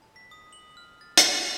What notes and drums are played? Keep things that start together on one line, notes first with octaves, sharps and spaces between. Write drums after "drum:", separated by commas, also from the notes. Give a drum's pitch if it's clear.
A5
B6
D#6
F#7
F6
A6
G#6, drum: hi-hat
F7